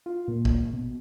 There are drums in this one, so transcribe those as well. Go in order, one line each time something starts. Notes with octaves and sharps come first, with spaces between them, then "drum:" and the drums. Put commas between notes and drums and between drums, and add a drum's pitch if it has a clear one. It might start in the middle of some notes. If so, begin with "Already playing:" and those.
F4
A#2
drum: kick
B2